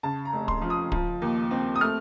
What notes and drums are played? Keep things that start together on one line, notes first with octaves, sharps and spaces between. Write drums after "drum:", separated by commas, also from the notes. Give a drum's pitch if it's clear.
C#3 A5
A#5
F1
C6, drum: kick
F3
D#6
F3, drum: kick
D#2
C4
D#6
A3 F6